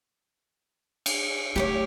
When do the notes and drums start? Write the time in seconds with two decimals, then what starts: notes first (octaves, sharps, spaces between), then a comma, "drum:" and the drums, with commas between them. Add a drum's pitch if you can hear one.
1.06 drum: cymbal
1.56 F#3 A3 G4 B4 C#5